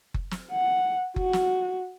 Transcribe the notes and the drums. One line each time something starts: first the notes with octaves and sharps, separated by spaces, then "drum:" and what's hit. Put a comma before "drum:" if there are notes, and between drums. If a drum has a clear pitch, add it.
drum: kick F#1
drum: snare
F#5
F#4, drum: kick F#1
drum: snare